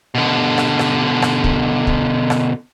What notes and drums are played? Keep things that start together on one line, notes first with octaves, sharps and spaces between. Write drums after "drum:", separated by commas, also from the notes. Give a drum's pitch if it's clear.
B2 D3
drum: rim click
drum: rim click
drum: rim click
drum: kick
drum: kick
drum: rim click